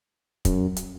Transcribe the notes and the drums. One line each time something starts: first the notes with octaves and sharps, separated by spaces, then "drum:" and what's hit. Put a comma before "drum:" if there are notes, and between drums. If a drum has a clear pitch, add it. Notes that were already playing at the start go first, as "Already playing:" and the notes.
F#2, drum: kick, hi-hat
drum: hi-hat